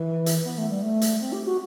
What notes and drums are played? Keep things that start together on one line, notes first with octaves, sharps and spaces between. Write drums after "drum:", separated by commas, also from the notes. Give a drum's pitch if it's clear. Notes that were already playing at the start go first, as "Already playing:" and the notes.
Already playing: E3
drum: hi-hat
B3
A3
G3
A3
drum: hi-hat
C4
G4
F#4